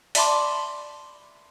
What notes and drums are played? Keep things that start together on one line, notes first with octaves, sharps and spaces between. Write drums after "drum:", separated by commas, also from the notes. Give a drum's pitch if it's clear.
D5 E5 A5 B5 C6 D6, drum: open hi-hat